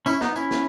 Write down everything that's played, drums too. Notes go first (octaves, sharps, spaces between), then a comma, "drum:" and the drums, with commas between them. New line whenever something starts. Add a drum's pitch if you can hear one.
C#4 E4, drum: tambourine
B3 D#4, drum: snare
C#4 E4, drum: tambourine
drum: snare